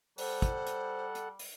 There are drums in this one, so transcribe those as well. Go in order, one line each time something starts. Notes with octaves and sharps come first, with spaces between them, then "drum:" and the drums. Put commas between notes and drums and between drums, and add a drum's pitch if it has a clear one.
G3 A4 C5 F#5, drum: open hi-hat
drum: kick, hi-hat
drum: hi-hat
drum: hi-hat
drum: open hi-hat